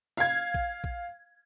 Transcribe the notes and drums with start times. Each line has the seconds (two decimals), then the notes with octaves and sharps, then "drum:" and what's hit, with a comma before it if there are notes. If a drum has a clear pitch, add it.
0.17 F5 G#6, drum: open hi-hat
0.54 drum: kick
0.84 drum: kick